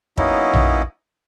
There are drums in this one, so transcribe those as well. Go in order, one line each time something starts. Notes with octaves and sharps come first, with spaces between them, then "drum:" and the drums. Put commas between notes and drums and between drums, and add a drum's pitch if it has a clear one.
F#3 A#3 B3 C#4 D#4 E4, drum: kick
drum: tom A#1